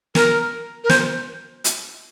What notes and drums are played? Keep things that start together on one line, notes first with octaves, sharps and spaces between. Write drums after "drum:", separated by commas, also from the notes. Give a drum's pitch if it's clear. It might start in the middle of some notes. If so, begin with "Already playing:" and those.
A#4, drum: snare
A#4
C5, drum: snare
drum: hi-hat